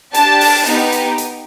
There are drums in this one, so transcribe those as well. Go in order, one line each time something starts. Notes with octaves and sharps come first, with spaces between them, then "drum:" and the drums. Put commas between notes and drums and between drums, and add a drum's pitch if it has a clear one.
D4 G4 A5, drum: hi-hat
drum: open hi-hat
B3 D#4 G4, drum: hi-hat
drum: hi-hat
drum: hi-hat